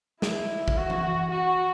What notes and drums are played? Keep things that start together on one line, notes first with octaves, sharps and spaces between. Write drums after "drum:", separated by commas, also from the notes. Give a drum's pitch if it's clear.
E4, drum: snare
drum: kick
F#4
drum: tom E3
F#4